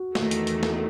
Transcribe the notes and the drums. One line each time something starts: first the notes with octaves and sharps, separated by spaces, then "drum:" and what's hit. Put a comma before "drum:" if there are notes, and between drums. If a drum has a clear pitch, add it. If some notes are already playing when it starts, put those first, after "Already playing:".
Already playing: F#4
E2 D#3 A3, drum: snare
drum: hi-hat
drum: hi-hat
drum: snare